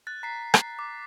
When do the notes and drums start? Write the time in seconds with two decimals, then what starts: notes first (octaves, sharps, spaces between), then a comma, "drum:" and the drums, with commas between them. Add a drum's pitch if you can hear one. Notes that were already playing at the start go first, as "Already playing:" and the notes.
0.07 F#6 A6
0.23 A#5 B6 C7
0.54 drum: rim click
0.79 D6